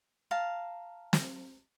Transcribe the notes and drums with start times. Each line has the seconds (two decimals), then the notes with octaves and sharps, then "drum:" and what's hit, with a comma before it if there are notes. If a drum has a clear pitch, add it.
0.31 F5 A5 A#5
1.13 drum: snare